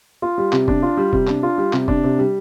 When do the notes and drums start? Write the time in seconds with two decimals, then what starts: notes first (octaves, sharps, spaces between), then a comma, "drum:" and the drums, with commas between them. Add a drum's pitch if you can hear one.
0.22 F4
0.38 G3
0.52 C3, drum: clap
0.68 D4, drum: kick F1
0.83 F4
0.97 G3
1.13 C3, drum: kick F1
1.27 D4, drum: clap
1.43 F4
1.58 G3
1.73 C3, drum: clap
1.88 D4, drum: kick F1
2.04 C3
2.19 G3